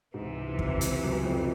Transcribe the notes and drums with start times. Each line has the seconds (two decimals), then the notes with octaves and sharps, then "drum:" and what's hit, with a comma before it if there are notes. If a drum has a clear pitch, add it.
0.14 C#2 G#2 C3 E3
0.59 drum: kick
0.81 drum: hi-hat
1.03 F#2
1.25 F2